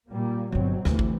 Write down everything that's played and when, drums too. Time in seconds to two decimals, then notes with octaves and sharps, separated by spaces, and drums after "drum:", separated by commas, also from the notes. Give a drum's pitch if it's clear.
0.10 A#2 G3 A#3
0.52 G1 B2 D3 F#3 C4
0.85 D2 C3 E3, drum: snare
0.99 drum: kick